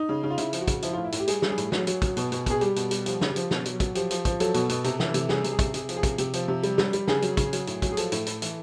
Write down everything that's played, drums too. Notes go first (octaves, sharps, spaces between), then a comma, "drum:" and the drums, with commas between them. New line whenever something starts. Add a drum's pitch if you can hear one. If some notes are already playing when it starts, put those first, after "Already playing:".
Already playing: D#4
C#3
C#3
F4
C#3 E4, drum: hi-hat
F3, drum: hi-hat
F#4
C#3, drum: kick, hi-hat
F3 E4, drum: hi-hat
A2 F4
E4
A2, drum: hi-hat
G4
G3 G#4, drum: hi-hat
G3, drum: snare
G#4
A2, drum: hi-hat
F#3, drum: snare
F#3, drum: hi-hat
F#3, drum: kick, hi-hat
B2, drum: hi-hat
B2, drum: hi-hat
B2 G#4, drum: kick, hi-hat
G3 G4, drum: hi-hat
B2, drum: hi-hat
G3, drum: hi-hat
F3 G4, drum: hi-hat
C#3, drum: snare
G4
F3, drum: hi-hat
B2, drum: snare
F#3, drum: hi-hat
F#3, drum: kick, hi-hat
F3 G4, drum: hi-hat
F3, drum: hi-hat
F3, drum: kick, hi-hat
F#3 A4, drum: hi-hat
B2, drum: hi-hat
B2, drum: hi-hat
C3, drum: hi-hat
E3, drum: snare
C3, drum: hi-hat
G3 G#4, drum: snare
C3, drum: hi-hat
G#4
C3, drum: kick, hi-hat
C3 G#4, drum: hi-hat
F3, drum: hi-hat
G#4
C3, drum: kick, hi-hat
C3 G4, drum: hi-hat
F3, drum: hi-hat
C3
G3, drum: hi-hat
G3, drum: snare
G3, drum: hi-hat
C#3 G#4, drum: snare
F#3, drum: hi-hat
C#3, drum: kick, hi-hat
F#3, drum: hi-hat
A2, drum: hi-hat
F#3, drum: kick, hi-hat
G#4
F3 A4, drum: hi-hat
A2, drum: hi-hat
A2, drum: hi-hat
E3, drum: hi-hat